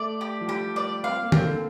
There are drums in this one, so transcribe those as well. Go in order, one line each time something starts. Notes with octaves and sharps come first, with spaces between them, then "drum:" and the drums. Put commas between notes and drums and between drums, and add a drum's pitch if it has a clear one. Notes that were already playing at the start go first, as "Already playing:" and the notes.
Already playing: A3 D5
G4
F3
G3 G4
D5
C4 F5
A#3
C4, drum: tom D3
D3